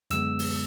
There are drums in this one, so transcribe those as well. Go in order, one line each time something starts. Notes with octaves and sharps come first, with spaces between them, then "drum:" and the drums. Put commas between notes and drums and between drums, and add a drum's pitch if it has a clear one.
F#2 D3 G#3 B3 E6, drum: hi-hat
drum: open hi-hat